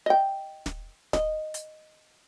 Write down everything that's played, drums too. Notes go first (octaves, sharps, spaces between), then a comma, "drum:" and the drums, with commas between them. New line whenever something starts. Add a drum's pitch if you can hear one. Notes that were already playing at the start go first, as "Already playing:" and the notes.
D#5 G5
drum: snare
D#5, drum: snare
drum: hi-hat